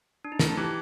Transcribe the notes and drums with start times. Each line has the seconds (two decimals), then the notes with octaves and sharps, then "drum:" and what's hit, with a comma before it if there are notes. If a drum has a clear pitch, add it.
0.25 D4
0.32 D#4
0.39 A3 E4, drum: snare
0.57 E3 G4